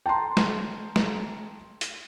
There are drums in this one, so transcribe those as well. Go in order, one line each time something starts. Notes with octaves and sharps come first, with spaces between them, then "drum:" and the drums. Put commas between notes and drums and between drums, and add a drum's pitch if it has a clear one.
G5 A5 A#5 C6
drum: snare
drum: snare
drum: hi-hat